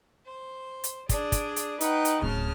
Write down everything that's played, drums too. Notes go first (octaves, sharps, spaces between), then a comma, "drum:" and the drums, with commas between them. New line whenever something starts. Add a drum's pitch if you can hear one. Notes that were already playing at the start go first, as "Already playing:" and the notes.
C5
drum: hi-hat
D4 G#4 D5, drum: kick, hi-hat
drum: kick, hi-hat
drum: hi-hat
D#4 B4 F#5 G5, drum: hi-hat
drum: hi-hat
D1 C#3 A5 F6